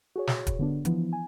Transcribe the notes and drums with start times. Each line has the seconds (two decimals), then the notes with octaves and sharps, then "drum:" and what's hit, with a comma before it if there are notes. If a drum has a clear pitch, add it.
0.16 F#4 G#4 C#5
0.27 drum: snare
0.47 drum: kick, hi-hat
0.59 D3 B3 D4
0.85 E3 F3 B3 E4, drum: hi-hat
1.13 G#5